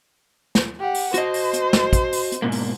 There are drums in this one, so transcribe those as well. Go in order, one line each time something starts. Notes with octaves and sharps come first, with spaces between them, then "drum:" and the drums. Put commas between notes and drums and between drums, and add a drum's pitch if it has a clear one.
drum: snare
G4 F#5
drum: open hi-hat
F#4 C5 D#5, drum: hi-hat
drum: open hi-hat
drum: hi-hat
drum: snare
drum: kick, hi-hat
drum: open hi-hat
drum: hi-hat
G#2 B2 A#3
drum: open hi-hat